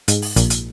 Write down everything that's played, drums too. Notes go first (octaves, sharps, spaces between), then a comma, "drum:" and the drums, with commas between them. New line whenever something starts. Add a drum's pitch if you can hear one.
G#2, drum: hi-hat
drum: open hi-hat
A#1 A#2, drum: hi-hat
drum: hi-hat